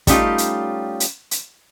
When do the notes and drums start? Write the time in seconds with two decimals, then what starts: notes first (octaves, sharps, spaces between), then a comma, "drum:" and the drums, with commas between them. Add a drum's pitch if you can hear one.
0.07 G3 A3 C#4 D#4 F4 G4, drum: kick, hi-hat
0.38 drum: hi-hat
1.00 drum: hi-hat
1.31 drum: hi-hat